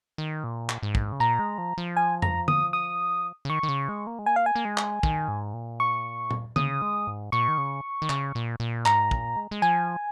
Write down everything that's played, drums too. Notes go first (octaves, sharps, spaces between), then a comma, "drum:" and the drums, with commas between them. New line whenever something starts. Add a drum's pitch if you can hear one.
D#3
A#2
drum: clap
G#2
drum: kick
C#3
A#2 A#5
G#3
F3
F3
G#5
A#5, drum: tom F2
D#6, drum: tom D3
D#6
C#3
D#3 C#6
D#3
C#3
G#3
A#3
G#3
A#3 G#5
F5
G#5
A#3
G#3
drum: clap
D#3, drum: kick
G#2
A#2
C#6
drum: tom
C#3 D#6, drum: tom D3
G#3
G#2
A#2 C#6
D#3
C#3
D#3
C#3, drum: clap
A#2
A#2
G#2 A#5, drum: clap
A#2, drum: kick
G#3
G#3
F3 G#5